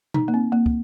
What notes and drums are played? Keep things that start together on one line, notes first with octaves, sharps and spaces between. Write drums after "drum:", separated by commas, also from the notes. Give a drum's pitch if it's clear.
D#4, drum: tom B2
A#3
C4
A#3
drum: kick